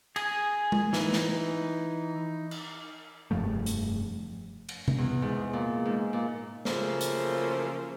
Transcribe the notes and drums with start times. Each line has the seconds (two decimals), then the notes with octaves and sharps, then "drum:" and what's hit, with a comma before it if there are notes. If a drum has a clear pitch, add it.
0.16 G#4 G#5, drum: cymbal
0.72 drum: tom G#3
0.93 E3 D#4, drum: snare
1.13 drum: snare
2.51 drum: cymbal
3.31 F1 G2 F3 A3
3.66 drum: hi-hat
4.69 drum: cymbal
4.88 drum: tom C3
4.98 E2
5.22 G#2
5.53 A#2
5.85 G#2
6.13 A#2
6.65 C#3 F3 F#3 A3 A#3 C5, drum: snare
7.01 drum: hi-hat